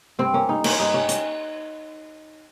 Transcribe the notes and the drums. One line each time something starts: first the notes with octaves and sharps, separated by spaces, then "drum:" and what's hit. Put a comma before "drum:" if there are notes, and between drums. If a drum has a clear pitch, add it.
G2 C4
A#3 C#4
G2 D#4
A#3 C#4, drum: cymbal
G2 D#4
G3 C#4
C#4, drum: hi-hat